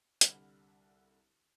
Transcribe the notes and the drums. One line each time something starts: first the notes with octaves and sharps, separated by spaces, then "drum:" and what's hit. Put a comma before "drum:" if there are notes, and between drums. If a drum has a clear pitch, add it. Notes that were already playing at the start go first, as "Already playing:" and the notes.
C2 D3 G3 F#5 B5 F6, drum: hi-hat